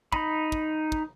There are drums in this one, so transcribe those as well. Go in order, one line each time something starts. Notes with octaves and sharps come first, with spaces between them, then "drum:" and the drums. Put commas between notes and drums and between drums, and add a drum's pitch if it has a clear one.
D#4 B5, drum: kick
drum: kick
drum: kick